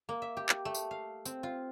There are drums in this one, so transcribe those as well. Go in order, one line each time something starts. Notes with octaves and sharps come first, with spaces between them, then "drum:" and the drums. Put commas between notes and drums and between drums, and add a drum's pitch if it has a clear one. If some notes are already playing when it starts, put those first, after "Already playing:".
A#3
E5
G4
drum: clap
A3
drum: tambourine
F5
C4, drum: tambourine
F4